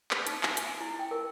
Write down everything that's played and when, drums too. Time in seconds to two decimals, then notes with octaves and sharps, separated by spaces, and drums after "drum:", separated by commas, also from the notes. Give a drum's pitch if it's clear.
0.11 D#6, drum: clap
0.27 D#4, drum: hi-hat
0.43 G#5, drum: clap
0.57 drum: hi-hat
0.67 G#5
0.81 E4
0.99 G5
1.11 A#4